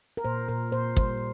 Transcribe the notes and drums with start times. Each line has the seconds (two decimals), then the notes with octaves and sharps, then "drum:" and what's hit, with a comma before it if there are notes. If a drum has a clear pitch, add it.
0.17 A#4
0.24 A#2 C5
0.49 A#2 A#4
0.72 A#2 C5
0.97 G3 C5, drum: kick